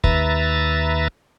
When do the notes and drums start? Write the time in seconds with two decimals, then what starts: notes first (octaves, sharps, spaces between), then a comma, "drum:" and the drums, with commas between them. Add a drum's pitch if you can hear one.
0.04 D#2 B4 E5 A#5 A6, drum: kick